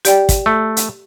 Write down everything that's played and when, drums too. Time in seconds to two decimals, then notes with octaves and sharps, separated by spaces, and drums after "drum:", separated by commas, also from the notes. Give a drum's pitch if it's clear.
0.05 G4 D5 G5, drum: hi-hat
0.29 drum: kick, hi-hat
0.46 A3
0.77 drum: hi-hat